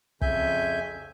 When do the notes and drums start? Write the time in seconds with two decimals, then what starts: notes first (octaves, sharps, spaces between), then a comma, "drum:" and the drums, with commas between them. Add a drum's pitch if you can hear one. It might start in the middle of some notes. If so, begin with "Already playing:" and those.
0.21 F2 C#3 E5 G#5 G6, drum: kick